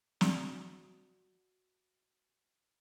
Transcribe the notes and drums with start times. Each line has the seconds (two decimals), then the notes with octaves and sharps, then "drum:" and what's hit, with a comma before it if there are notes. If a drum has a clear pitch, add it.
0.21 F#4 D5 F#5, drum: snare